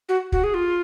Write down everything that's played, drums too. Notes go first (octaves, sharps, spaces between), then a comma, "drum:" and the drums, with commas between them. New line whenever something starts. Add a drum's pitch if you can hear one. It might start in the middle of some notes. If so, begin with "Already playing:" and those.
F#4
F#4, drum: kick
G#4
F4